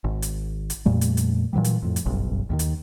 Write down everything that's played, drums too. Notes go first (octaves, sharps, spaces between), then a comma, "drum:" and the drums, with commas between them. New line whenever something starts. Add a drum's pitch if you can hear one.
G#1
drum: hi-hat
drum: hi-hat
F2 A#2 G3 A3
drum: hi-hat
drum: hi-hat
A#2 E3 F#3 G3
drum: hi-hat
F2 A2
drum: hi-hat
F#1 B1 G2
D#2 C3 D#3
drum: hi-hat